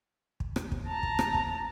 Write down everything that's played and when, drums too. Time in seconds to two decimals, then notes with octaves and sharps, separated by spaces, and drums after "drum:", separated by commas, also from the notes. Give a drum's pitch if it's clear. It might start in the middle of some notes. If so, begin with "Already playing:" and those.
0.40 drum: kick
0.56 drum: rim click
0.72 drum: kick
0.87 A5 A#5
1.03 drum: kick
1.19 drum: rim click
1.34 drum: kick